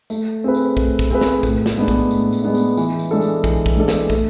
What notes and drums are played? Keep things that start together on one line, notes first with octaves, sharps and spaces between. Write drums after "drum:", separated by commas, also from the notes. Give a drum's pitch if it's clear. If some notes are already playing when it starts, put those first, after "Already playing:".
A3, drum: tambourine
C4 G#4 B4
drum: tambourine
A3, drum: kick
drum: kick, tambourine
C4 G#4 B4
drum: snare
A2, drum: kick, tambourine
drum: snare
G#3 B3 D4
drum: kick, tambourine
A2, drum: tambourine
drum: tambourine
G#3 B3 D4
drum: tambourine
E3, drum: tambourine
drum: tambourine
G#3 D4 A4
drum: tambourine
E3, drum: kick, tambourine
drum: kick
G#3 D4 A4
drum: snare
A3, drum: kick, tambourine